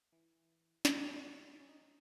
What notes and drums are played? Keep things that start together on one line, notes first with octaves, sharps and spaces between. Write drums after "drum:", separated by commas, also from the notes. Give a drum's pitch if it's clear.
E3
drum: snare
F#3
G#3
F#3
C#4
D#4